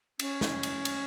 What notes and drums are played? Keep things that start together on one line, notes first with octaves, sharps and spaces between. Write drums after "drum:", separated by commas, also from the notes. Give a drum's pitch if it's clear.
C#4, drum: cymbal
drum: snare
drum: cymbal
drum: cymbal